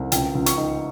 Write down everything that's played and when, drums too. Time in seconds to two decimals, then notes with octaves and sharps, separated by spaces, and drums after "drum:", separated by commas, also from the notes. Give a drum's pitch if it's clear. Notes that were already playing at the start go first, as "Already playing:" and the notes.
Already playing: C2
0.12 C#2 G5, drum: hi-hat
0.35 C#2
0.46 C#6, drum: hi-hat
0.57 D#4